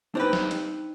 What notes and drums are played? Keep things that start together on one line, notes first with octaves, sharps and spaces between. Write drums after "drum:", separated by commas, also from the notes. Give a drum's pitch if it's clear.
C4 D4 D#4 B4 G5
drum: snare
drum: hi-hat